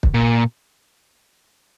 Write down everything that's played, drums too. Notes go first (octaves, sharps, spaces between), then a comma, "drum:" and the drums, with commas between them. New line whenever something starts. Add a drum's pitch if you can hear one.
drum: kick
A#2